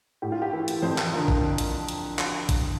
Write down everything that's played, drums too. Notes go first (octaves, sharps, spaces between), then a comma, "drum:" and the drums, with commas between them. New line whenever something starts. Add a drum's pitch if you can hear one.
A2 G4
F4
G4
E3 E4
drum: hi-hat
F2 C5
drum: clap
D3 F3 A#4
drum: kick A1
drum: hi-hat
drum: hi-hat
drum: clap
drum: kick A1, hi-hat